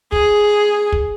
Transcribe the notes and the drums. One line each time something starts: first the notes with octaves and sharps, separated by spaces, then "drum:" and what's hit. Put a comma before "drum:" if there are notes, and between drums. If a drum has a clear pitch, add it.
G#4, drum: kick
drum: kick